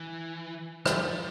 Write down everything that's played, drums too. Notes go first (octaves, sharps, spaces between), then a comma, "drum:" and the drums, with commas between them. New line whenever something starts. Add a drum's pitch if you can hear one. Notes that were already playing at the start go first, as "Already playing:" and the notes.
Already playing: E3
F3, drum: rim click